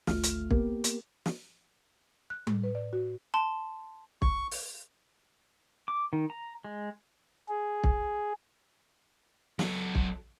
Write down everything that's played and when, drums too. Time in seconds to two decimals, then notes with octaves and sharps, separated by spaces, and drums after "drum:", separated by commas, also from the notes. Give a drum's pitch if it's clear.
0.07 G#1 D2 A3 F4 F6, drum: snare
0.24 drum: hi-hat
0.51 A#3 B3 G4 A#4, drum: kick
0.84 drum: hi-hat
1.26 drum: snare
2.30 F#6
2.47 A2, drum: tom G3
2.63 B4
2.75 D5
2.93 F#4
3.34 A5 C6
4.22 C#6, drum: kick
4.51 drum: open hi-hat
5.88 D6
6.13 D#3
6.30 A#5
6.64 G#3
7.49 G#4
7.84 drum: kick
9.59 F#3 A4, drum: snare
9.95 drum: kick